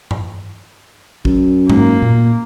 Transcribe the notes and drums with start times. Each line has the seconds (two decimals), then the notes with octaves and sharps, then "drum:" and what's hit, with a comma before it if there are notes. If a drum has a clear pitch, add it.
0.11 drum: tom G2
1.25 F#2, drum: kick
1.70 G#2 A#3, drum: tom G2
2.02 A#2